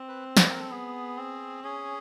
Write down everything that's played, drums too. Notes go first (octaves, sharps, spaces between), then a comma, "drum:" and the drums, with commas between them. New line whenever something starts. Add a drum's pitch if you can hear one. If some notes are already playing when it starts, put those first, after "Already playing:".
Already playing: C4
B4
B4, drum: snare
A#4
A4
B3 G#4
C4
C#4 G#4